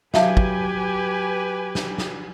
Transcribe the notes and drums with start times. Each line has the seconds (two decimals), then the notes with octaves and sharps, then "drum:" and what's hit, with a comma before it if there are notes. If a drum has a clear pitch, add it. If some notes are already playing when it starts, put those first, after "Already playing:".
0.14 F#3 G4 B4 E5 F5 G#5 A5, drum: snare
0.37 drum: kick
1.75 drum: snare
1.98 drum: snare